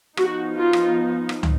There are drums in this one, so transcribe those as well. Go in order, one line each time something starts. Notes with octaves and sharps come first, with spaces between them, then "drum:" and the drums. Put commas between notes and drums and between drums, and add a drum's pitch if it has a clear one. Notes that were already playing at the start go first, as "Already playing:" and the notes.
F3 B3 D#4 F#4, drum: rim click
F4
drum: rim click
drum: rim click
drum: tom